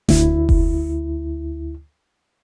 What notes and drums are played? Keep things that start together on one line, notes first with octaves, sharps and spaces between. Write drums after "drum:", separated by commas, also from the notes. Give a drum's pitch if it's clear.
D2 E4, drum: snare D#1
drum: kick F1